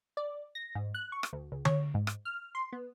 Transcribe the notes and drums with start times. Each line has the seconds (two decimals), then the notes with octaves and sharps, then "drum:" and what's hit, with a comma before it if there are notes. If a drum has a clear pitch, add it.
0.17 D5
0.55 A#6
0.75 G#2
0.94 F#6
1.12 C#6
1.23 drum: rim click
1.33 D2
1.52 C#2
1.65 C#5, drum: tom D3
1.94 G#2
2.07 drum: rim click
2.25 F6
2.55 C6
2.73 B3